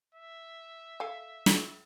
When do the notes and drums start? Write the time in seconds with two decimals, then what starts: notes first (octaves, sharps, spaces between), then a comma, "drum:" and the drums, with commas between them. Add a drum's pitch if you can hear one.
0.14 E5
1.00 A4 F5 G#5
1.46 drum: snare